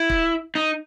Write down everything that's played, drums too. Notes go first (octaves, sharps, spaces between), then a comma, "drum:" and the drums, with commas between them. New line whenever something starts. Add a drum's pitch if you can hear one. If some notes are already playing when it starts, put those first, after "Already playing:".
Already playing: E4
drum: kick
D#4